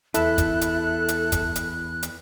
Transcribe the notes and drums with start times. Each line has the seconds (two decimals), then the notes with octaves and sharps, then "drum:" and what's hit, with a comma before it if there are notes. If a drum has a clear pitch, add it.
0.14 E2 E4 A4 A5 F#6, drum: hi-hat
0.38 drum: kick, hi-hat
0.61 drum: hi-hat
1.08 drum: hi-hat
1.32 drum: kick, hi-hat
1.56 drum: hi-hat
2.03 drum: hi-hat